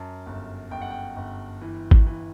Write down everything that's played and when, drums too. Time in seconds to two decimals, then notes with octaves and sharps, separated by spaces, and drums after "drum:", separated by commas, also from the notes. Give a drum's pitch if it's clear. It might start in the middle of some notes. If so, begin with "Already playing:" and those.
Already playing: F#2 A5
0.27 G1
0.71 G1 G5
0.81 F#5
0.90 G5
1.16 G1
1.61 E3
1.91 drum: kick G#1
2.07 E3